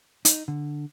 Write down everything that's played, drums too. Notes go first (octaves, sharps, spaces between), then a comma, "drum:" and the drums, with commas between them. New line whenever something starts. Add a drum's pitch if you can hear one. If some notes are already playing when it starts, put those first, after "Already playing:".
D#4, drum: hi-hat
D3